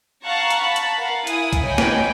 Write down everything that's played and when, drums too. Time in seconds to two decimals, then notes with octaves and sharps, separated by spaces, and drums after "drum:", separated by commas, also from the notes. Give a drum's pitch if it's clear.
0.24 F5 F#5 A5 A#5 C#6
0.51 drum: hi-hat
0.61 A5 B5
0.76 drum: hi-hat
0.98 A#4 F5 F#5
1.27 E4 G#5 D#6, drum: hi-hat
1.53 drum: kick C2, hi-hat
1.64 C#5 D#5 G5 G#5 B5
1.78 drum: snare